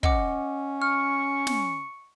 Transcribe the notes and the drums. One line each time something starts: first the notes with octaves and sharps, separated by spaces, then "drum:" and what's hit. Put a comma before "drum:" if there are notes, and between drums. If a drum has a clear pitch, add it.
C#4 D#5 F#5 D6, drum: kick
C#6 F6
drum: snare